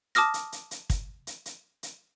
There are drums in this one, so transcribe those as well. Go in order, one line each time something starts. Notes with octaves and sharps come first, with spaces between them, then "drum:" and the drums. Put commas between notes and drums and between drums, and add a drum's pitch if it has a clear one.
A5 D6 D#6 F6 A#6, drum: hi-hat
drum: hi-hat
drum: hi-hat
drum: hi-hat
drum: kick, hi-hat
drum: hi-hat
drum: hi-hat
drum: hi-hat